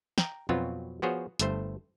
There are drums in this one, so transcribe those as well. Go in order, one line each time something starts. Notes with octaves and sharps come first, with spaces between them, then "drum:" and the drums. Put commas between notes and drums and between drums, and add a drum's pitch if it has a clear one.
G5 A#5, drum: snare
F2 B2 F#3 B3 C4 F4
F3 B3 F#4 G#4 C5 C#5
G1 G2 A3 C5, drum: hi-hat